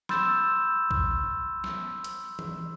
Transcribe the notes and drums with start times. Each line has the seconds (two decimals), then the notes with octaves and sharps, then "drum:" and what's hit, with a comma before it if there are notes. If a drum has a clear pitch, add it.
0.09 B5 C6 E6 G6 A6 E7, drum: snare
0.91 drum: kick
1.64 drum: snare
2.04 drum: hi-hat
2.39 drum: tom E3